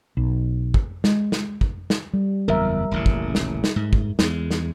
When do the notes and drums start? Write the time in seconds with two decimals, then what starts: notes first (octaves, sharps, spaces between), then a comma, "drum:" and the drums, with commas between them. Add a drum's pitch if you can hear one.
0.17 B1
0.74 drum: kick
1.04 G#3, drum: snare
1.32 drum: snare
1.61 drum: kick
1.90 drum: snare
2.14 G3
2.48 F#1 E2 A#4 E5
2.91 D#1 A1 C#3
3.06 drum: kick
3.35 drum: snare
3.64 drum: snare
3.76 G#2
3.93 drum: kick
4.19 E2 G#3, drum: snare
4.51 drum: snare